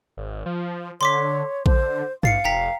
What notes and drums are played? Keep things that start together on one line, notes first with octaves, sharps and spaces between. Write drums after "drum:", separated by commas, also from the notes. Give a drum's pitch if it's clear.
G#1
F3
D3 C#5 C6 D6 B6
D3 C5, drum: kick A#1
A1 F5 A6 C7 C#7, drum: tom G2
F1 G5 A#5 B6